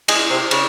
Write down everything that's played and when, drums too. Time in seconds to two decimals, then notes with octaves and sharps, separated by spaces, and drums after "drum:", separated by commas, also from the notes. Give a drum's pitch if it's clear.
0.08 G#3, drum: cymbal
0.30 C3
0.51 C#3, drum: cymbal